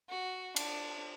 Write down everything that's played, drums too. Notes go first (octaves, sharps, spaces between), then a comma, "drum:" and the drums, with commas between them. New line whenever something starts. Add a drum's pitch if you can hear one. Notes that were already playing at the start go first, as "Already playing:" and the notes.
F#4
D4, drum: cymbal